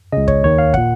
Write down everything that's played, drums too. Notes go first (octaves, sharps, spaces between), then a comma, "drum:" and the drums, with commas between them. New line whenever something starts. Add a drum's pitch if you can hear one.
C#2 C#3 D#5
C#5, drum: kick
D#2 D#3 C#5
F5
A#2 F#5, drum: kick